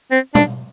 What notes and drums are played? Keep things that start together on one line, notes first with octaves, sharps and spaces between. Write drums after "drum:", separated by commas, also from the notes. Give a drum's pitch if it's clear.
C4
D4, drum: tom